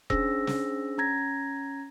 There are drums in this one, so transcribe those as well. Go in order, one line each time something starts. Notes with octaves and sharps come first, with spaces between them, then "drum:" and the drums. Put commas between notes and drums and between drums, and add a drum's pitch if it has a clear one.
C#4 D4 G#4 C5 E6 A#6, drum: kick E1
drum: snare
C#4 A#5 G#6 A#6